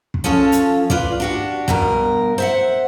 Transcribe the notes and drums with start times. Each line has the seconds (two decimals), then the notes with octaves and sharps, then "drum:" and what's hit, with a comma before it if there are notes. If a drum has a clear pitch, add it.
0.14 drum: kick
0.24 F3 C#4 F4 A4 C#5
0.52 drum: hi-hat
0.90 F4 B4 D5, drum: kick
1.20 D4 F#4 G4
1.68 G2 B2 A#4, drum: kick
2.38 C5 E5 F#5